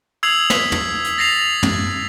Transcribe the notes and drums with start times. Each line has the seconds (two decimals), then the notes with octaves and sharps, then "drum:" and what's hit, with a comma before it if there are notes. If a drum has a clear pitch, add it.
0.23 D#6 E6 G#6 C7 F7 F#7
0.50 B6, drum: snare
0.72 drum: tom
1.04 drum: hi-hat
1.18 A6 A#6 C7 F7
1.63 drum: tom